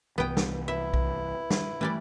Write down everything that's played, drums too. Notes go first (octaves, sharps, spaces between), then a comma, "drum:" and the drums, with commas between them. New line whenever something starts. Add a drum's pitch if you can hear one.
C2 E3 B3 B4 G5
drum: snare
E4 B4 E5
drum: kick B1
drum: snare
E3 G3 A3 D5